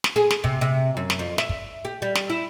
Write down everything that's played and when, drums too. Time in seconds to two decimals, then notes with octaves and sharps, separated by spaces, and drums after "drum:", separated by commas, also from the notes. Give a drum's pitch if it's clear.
0.04 drum: snare
0.16 G#4
0.30 drum: snare
0.44 C3, drum: kick
0.61 C3
0.97 F#2
1.10 drum: snare
1.19 F2
1.38 E5, drum: snare
1.49 drum: kick
1.85 G4
2.02 G3
2.15 drum: snare
2.30 E4